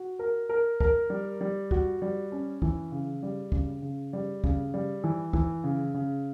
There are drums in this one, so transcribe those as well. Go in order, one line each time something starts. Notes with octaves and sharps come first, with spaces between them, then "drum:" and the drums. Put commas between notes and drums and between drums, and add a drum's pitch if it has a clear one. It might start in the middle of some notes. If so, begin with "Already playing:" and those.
Already playing: F#4
A#4
A#4
A#4, drum: kick
G3
G3
F#4, drum: kick
G3
C#4
E3, drum: kick
C#3
G3
C#3, drum: kick
C#3
G3
C#3, drum: kick
G3
E3
E3, drum: kick
C#3
C#3